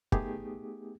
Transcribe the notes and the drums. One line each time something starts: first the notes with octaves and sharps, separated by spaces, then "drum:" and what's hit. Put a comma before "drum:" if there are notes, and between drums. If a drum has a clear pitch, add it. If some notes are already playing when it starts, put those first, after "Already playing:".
A3 B3 D#4 G4 G#4, drum: kick